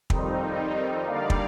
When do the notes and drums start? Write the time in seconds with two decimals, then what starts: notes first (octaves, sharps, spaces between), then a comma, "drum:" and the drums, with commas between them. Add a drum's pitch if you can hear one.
0.10 F2 D#3 G3 C4 D#4, drum: kick
1.06 D3 G3 A#3 D#4 D5 F5
1.30 drum: kick